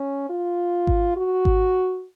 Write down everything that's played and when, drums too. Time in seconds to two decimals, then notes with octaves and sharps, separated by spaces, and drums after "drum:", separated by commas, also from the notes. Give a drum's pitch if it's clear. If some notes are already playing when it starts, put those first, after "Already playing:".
Already playing: C#4
0.30 F4
0.87 drum: kick G#1
1.16 F#4
1.45 drum: kick G#1